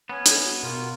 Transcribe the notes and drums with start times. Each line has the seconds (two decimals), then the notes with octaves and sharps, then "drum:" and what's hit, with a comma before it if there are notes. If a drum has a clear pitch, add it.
0.09 B3 C#4 C#5
0.26 drum: hi-hat
0.44 F#4
0.63 B2 F4 A#4